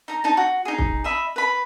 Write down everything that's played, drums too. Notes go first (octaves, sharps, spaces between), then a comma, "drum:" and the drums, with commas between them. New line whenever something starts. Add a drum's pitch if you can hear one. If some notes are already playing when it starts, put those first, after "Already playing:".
D#4 A#5
D#4 A5
F#4
D#4 G#4
drum: kick
D#5 E5 B5
B4 B5